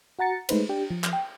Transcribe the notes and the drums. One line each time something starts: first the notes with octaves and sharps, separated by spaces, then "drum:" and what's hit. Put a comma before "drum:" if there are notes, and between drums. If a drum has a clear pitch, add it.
F#4 F#5 A#5 A6 C#7
G#3 A3 D#4 B4 C5, drum: cymbal
D4 G4 G5
F3
drum: clap
G5